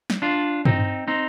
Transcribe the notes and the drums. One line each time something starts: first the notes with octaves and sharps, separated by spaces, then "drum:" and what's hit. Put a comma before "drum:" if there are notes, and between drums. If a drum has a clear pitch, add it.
drum: snare
D4 F4
C4 D#4, drum: tom G2
C4 D#4